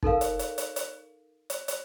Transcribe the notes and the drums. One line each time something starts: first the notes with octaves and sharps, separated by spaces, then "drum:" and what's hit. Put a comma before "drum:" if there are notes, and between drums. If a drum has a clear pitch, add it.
D#4 A4 A#4 F5, drum: kick
drum: hi-hat
drum: hi-hat
drum: hi-hat
drum: hi-hat
drum: hi-hat
drum: hi-hat